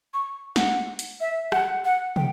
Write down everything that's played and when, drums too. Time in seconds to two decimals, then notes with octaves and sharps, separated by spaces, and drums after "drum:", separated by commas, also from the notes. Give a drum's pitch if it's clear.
0.14 C#6
0.56 F#5, drum: snare
0.99 drum: hi-hat
1.21 E5
1.52 F#5, drum: rim click
1.85 F#5
2.16 G5, drum: tom